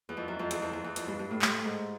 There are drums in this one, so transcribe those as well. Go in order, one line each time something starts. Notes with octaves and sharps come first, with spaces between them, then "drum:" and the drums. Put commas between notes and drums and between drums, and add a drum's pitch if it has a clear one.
E2
F2
F#2
F2
E2, drum: hi-hat
F2
E2
E2
F2, drum: hi-hat
G2
G2
A2
A2, drum: clap
G#2